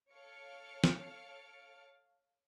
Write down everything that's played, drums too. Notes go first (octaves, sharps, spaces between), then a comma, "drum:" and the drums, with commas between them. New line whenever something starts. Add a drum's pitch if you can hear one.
A4 C#5 F5 F6 C#7 D7
drum: snare